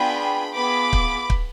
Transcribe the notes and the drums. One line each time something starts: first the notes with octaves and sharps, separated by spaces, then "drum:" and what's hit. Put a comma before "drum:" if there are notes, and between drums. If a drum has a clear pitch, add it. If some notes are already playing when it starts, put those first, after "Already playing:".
Already playing: B3 D4 F4 G#4 G5 B5
B3 F4 G#4 B5 D6
drum: kick
drum: kick